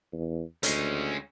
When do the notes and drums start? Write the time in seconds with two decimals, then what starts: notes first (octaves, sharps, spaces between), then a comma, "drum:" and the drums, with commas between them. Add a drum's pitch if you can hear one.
0.13 E2
0.63 D2 G#3 C#4, drum: hi-hat